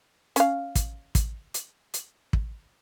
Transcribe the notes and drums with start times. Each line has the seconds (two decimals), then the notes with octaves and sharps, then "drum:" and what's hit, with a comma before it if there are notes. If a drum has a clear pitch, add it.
0.36 C#4 F5, drum: hi-hat
0.75 drum: kick, hi-hat
1.15 drum: kick, hi-hat
1.54 drum: hi-hat
1.94 drum: hi-hat
2.33 drum: kick